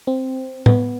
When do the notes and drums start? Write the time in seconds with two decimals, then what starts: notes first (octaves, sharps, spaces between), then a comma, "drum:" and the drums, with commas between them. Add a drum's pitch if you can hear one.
0.07 C4
0.66 B3, drum: tom